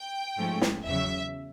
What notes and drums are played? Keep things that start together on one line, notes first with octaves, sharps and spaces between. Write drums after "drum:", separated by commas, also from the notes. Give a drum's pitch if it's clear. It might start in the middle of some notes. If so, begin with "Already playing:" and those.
Already playing: G5
G#2 F3 A3 C#4
drum: snare
E2 C#3 F#3 E5